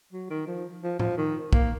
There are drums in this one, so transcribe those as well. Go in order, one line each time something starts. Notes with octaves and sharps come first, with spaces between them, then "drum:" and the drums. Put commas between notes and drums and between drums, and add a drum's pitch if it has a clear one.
F#3
D#3
F3
F3
F3, drum: tom A2
D#3
A#3, drum: kick